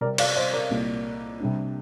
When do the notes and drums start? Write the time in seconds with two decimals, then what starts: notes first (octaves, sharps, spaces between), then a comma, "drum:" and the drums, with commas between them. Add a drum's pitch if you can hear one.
0.01 C3 G3 C4 A#4 D5
0.18 D5 F5, drum: cymbal
0.36 C5 D#5
0.53 A#4 D5
0.70 C2 A#2 G3 A#3
1.40 C3 G3 D4